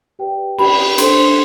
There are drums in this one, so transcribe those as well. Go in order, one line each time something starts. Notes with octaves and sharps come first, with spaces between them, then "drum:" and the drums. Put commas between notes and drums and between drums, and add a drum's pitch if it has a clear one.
G4 B4 D5 G5
G4 B4 D5 B5, drum: cymbal
D4 A4 C5 C6, drum: hi-hat